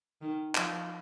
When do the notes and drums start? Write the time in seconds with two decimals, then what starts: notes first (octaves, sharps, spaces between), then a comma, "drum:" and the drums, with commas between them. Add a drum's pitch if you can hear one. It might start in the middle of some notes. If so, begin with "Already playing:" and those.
0.21 D#3
0.55 F3, drum: clap